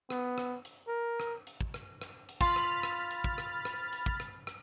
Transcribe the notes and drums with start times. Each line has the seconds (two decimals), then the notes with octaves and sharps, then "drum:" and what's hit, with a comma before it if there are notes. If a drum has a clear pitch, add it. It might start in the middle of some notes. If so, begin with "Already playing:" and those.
0.10 B3, drum: rim click
0.38 drum: rim click
0.65 drum: hi-hat
0.87 A#4
1.20 drum: rim click
1.47 drum: hi-hat
1.61 drum: kick
1.74 drum: rim click
2.02 drum: rim click
2.29 drum: hi-hat
2.41 F4 B5 F6 A6, drum: kick
2.56 drum: rim click
2.83 drum: rim click
3.11 drum: hi-hat
3.24 drum: kick
3.38 drum: rim click
3.65 drum: rim click
3.93 drum: hi-hat
4.06 drum: kick
4.20 drum: rim click
4.47 drum: rim click